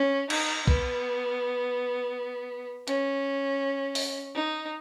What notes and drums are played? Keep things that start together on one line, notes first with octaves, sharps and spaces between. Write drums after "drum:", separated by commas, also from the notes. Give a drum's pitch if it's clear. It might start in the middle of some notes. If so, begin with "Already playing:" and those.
Already playing: C#4
D#4, drum: cymbal
B3, drum: kick B1
C#4, drum: hi-hat
drum: open hi-hat
D#4